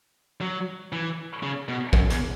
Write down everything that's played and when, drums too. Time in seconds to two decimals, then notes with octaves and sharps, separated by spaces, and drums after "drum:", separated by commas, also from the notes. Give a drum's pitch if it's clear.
0.41 F#3
0.92 E3
1.43 C#3
1.68 B2
1.93 F#2, drum: kick
2.10 E2, drum: hi-hat